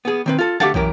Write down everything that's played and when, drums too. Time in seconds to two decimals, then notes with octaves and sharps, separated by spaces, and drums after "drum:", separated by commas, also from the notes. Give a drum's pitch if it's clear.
0.05 B3 G#4
0.26 D#3 C4 B4
0.39 F4 A4
0.60 D2 G4 A4 F5 F#5 A5, drum: snare
0.74 F#2 E3 G4 A#4, drum: kick